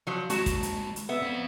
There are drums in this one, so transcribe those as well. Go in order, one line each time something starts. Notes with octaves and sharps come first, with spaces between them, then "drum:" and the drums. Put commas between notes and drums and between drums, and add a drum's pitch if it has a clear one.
F3 F#3
D#2 G#3 F#4 A5, drum: hi-hat
drum: kick, hi-hat
drum: hi-hat
drum: hi-hat
B3 E5
C4 F5